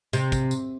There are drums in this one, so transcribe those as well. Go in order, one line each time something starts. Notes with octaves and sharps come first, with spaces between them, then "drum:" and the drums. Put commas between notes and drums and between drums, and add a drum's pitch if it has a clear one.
C3, drum: tambourine
drum: kick, tambourine
drum: tambourine